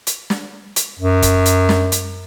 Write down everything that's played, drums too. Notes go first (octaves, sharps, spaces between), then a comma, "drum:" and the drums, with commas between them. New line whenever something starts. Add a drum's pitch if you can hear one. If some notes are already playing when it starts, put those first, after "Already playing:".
drum: hi-hat
drum: snare
drum: hi-hat
F#2
drum: kick F#1, hi-hat
drum: hi-hat
drum: snare
drum: hi-hat